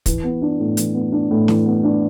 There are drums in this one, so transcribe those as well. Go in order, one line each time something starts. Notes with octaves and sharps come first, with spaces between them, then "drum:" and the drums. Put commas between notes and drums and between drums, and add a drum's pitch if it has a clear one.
E3, drum: kick, hi-hat
B3
D4
A2
E3, drum: hi-hat
B3
D4
A2
E3, drum: snare
B3
D4